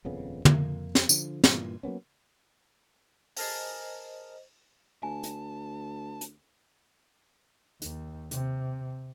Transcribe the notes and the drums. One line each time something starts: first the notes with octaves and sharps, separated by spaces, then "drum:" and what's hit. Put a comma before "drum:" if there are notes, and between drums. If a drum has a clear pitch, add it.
D#1 F2 C#3 B3
F2 A#3, drum: tom
drum: snare
D3 F3, drum: tambourine
G2 A#2 E3, drum: snare
F#3 A#3 B3 C#4
G#4 A#4 C5 D#5 A5, drum: open hi-hat
D2 G#5 A5
drum: hi-hat
drum: hi-hat
D#2, drum: hi-hat
C3, drum: hi-hat